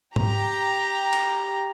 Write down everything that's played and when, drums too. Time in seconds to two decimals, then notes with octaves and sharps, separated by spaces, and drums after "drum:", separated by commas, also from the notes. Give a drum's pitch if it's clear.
0.16 G4 A#5, drum: tom G#2
1.13 drum: cymbal